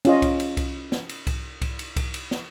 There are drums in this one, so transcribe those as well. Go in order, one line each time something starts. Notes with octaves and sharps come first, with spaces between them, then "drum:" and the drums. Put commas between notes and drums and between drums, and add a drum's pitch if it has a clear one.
C#4 F4 D#5, drum: cymbal
drum: kick C2, cymbal
drum: cymbal
drum: kick C2, cymbal
drum: snare
drum: cymbal
drum: kick C2, cymbal
drum: kick C2, cymbal
drum: cymbal
drum: kick C2, cymbal
drum: cymbal
drum: snare